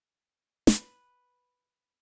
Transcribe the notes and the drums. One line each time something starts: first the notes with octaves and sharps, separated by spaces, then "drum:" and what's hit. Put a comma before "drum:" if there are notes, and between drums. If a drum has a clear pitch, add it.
B4, drum: snare